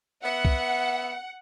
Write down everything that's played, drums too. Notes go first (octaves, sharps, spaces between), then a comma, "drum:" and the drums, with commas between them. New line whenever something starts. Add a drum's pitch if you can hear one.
B3 E5 F#5
drum: kick C2